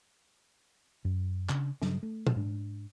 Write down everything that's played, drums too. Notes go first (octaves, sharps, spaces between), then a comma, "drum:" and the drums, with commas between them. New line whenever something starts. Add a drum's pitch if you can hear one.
F#2
C#3 D4, drum: clap
G2 C#3 F#3, drum: snare
A3
drum: tom
G#2 D4